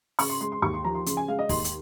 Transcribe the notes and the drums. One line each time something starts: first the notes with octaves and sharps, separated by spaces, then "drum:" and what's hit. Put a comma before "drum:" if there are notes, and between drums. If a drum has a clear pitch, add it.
C#3 C#6, drum: open hi-hat
C6
G#3 C6
C6
D#2 C#6
C6
F3 A#5
C6
C#3 C6, drum: hi-hat
G#5
G#3 F5
D#5
D#2 C6, drum: kick, open hi-hat
drum: hi-hat